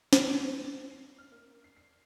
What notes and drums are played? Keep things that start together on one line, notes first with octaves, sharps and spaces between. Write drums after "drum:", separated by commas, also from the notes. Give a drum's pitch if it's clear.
A#2, drum: snare
C#7
A#6
F4
C7
F6
A#3
C7
C7